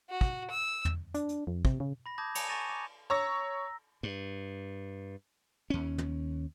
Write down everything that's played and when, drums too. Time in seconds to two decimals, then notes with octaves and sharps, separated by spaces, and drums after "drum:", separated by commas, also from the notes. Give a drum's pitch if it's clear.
0.10 F#4
0.21 drum: kick
0.50 E6
0.85 drum: tom
1.14 D4, drum: hi-hat
1.29 drum: hi-hat
1.47 F2
1.65 C3, drum: kick
1.80 C#3
2.06 B5 A#6
2.18 A5 D6 D#6 G6 G#6 A#6
2.35 G#5 A#5 C#7 F7, drum: cymbal
2.48 G#5 C#6 A6 A#6 D#7 E7
2.69 D6
3.10 C#5 A#5 C#6 E6 A#6
4.03 G2
5.70 D#2 C#4
5.98 drum: tom